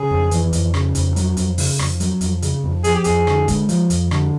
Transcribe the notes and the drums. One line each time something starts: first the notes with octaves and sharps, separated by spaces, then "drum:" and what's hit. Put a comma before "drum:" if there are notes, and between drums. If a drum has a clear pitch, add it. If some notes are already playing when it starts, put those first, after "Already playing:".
Already playing: C#3 G#4
F2
E3, drum: hi-hat
F2, drum: hi-hat
C#3, drum: rim click
F2, drum: hi-hat
F#3, drum: hi-hat
F2, drum: hi-hat
C#3, drum: open hi-hat
F2, drum: rim click
F#3, drum: hi-hat
F2, drum: hi-hat
C#3, drum: hi-hat
F2
F3 G#4, drum: hi-hat
G4
F2 G#4, drum: hi-hat
D3, drum: rim click
G#3, drum: kick, hi-hat
F3, drum: hi-hat
F2, drum: hi-hat
D3, drum: rim click